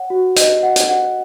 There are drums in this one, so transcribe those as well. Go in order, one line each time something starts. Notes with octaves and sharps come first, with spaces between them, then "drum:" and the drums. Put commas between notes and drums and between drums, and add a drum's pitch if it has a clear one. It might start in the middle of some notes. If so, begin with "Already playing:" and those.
Already playing: C#5 F#5
F#4
D#5, drum: hi-hat
F#5
drum: hi-hat
F#5